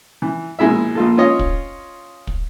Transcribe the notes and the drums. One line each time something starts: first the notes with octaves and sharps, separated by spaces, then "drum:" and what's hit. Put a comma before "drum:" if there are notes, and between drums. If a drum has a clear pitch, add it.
E3
A#1 B2 G#3 E4 E5
A#1 F4 A4
C#4 F4 C#5 D#5
drum: kick
drum: kick